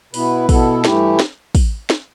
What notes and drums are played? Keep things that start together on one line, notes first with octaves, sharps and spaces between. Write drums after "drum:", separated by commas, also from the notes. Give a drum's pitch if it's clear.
B2 B3 E4 B4, drum: open hi-hat
B2 B3 E4 A4, drum: kick, open hi-hat
G2 E3 A3 E4 G4, drum: snare
drum: snare
drum: kick, open hi-hat
drum: snare